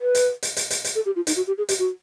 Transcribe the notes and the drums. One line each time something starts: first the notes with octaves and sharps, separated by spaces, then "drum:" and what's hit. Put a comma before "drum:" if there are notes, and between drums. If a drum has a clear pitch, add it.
B4
drum: hi-hat
drum: hi-hat
drum: hi-hat
drum: hi-hat
drum: hi-hat
A4
G4
F4
D#4, drum: hi-hat
F#4
G4
G#4
G4, drum: hi-hat
F#4